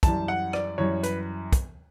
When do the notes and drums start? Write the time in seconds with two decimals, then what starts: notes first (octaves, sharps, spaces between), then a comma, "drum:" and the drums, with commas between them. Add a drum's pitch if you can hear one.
0.03 F#2 E3 G3 A5, drum: kick, hi-hat
0.28 F#5
0.53 D5, drum: rim click
0.78 F#2 E3 G3 C#5
1.03 B4, drum: hi-hat
1.53 drum: kick, hi-hat